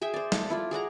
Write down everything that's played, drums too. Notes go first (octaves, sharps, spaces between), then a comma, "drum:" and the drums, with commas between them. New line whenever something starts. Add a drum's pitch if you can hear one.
G#4 E5 G5 G#5
C5 D5
A4, drum: snare
E4 F4 D5
G#4 D5 F#5 A#5